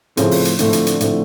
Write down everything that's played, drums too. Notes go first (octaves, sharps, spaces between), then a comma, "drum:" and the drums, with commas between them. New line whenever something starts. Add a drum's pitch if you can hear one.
A2 C#3 F3 A3 C4, drum: hi-hat
drum: open hi-hat
drum: hi-hat
A2 D3 F3 A3 C4, drum: hi-hat
drum: hi-hat
drum: hi-hat
A2 F3 A3 C4, drum: hi-hat